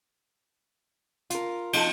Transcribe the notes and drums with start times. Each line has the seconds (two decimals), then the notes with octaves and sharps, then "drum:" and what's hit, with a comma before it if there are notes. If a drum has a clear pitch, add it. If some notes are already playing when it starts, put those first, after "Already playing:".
1.30 F4 A#4, drum: hi-hat
1.73 F3 D#4 F4 A4 A5, drum: cymbal